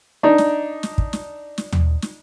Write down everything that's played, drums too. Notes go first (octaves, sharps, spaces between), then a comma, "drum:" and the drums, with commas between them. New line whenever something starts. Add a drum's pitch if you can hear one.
D4 D#4
drum: snare
drum: snare
drum: kick
drum: snare
drum: snare
drum: tom D#2
drum: snare